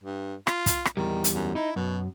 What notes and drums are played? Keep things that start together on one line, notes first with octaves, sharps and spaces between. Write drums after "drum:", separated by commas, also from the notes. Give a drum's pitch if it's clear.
G2
F4, drum: rim click
drum: kick, hi-hat
drum: rim click
E2 D#3 G3
drum: hi-hat
F#2
D#4 E4
F#2 B2